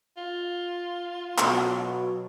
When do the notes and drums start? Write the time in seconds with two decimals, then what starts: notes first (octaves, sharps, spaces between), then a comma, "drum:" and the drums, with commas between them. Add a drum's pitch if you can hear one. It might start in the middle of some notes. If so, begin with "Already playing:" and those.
0.17 F4
1.38 B2 F#3, drum: clap